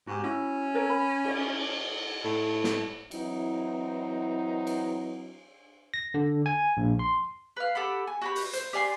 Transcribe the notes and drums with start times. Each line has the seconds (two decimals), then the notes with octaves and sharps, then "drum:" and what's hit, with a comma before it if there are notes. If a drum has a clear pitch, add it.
0.07 G#2 F#4 G4
0.24 C#4 E4 F#4
0.74 A4 A#4 C#5
0.90 B5
1.24 drum: cymbal
2.24 A2
2.64 drum: snare
3.11 E3 F#3 C4 D#4 E4, drum: cymbal
4.67 drum: cymbal
5.94 A#6
6.14 D3
6.46 G#5
6.77 A#1
6.99 C6
7.56 B4 F5
7.75 G4 A4 F#5 B5
8.07 G#5
8.22 F#4 G4 B5
8.35 drum: open hi-hat
8.53 C5, drum: hi-hat
8.73 G4 D5 G#5 C6